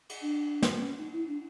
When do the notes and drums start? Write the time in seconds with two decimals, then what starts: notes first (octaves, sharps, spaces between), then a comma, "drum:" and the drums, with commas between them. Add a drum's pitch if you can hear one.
0.09 drum: cymbal
0.22 D4
0.62 drum: snare
0.78 C4
0.83 C#4
0.98 D#4
1.13 E4
1.27 D4